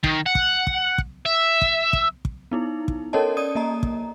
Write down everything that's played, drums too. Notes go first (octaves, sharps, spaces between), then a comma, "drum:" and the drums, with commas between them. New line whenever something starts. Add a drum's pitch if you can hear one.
D#3, drum: kick
F#5
drum: kick
drum: kick
drum: kick
E5
drum: kick
drum: kick
drum: kick
B3 D#4 E4
drum: kick
C#4 A4 A#4 C#5 D#5 A5
D5 D#6 D#7
A#3 D#5 A#5
drum: kick